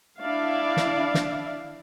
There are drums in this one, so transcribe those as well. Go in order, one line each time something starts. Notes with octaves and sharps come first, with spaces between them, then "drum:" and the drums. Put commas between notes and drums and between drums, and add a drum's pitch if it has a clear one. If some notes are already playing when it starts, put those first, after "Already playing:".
D4 E4 D5 E5 F5
drum: snare
drum: snare